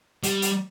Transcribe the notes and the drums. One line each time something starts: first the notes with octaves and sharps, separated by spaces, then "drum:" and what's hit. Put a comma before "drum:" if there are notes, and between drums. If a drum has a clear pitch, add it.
G3, drum: hi-hat
drum: hi-hat